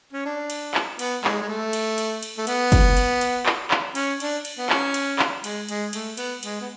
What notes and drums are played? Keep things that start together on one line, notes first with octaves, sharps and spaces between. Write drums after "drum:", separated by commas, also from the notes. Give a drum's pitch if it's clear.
C#4
D4
drum: cymbal
drum: clap
B3, drum: cymbal
G#3, drum: clap
G#3
A3
drum: cymbal
drum: cymbal
drum: cymbal
A3
B3, drum: cymbal
drum: kick, cymbal
drum: cymbal
drum: cymbal
drum: clap
drum: clap
C#4, drum: cymbal
D4, drum: cymbal
drum: cymbal
B3
C#4, drum: clap
drum: cymbal
drum: clap
G#3, drum: cymbal
G#3, drum: cymbal
A3, drum: cymbal
B3, drum: cymbal
G#3, drum: cymbal
B3